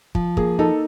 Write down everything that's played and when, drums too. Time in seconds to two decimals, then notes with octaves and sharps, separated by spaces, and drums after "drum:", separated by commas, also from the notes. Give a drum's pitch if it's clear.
0.15 F3, drum: kick
0.37 A#3 G#4, drum: kick
0.59 D#4 A4